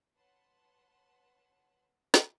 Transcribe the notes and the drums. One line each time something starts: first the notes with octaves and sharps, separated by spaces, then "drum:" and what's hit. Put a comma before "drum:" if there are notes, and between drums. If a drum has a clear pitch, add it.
B4 C#5 F#5 A5 C6
drum: snare